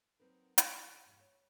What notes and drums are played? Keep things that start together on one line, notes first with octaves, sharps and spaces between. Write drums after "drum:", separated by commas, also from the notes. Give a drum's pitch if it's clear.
F#3 A3 C4 D#4 A#4 B4
D#2, drum: hi-hat
E2 G2 B2
C#5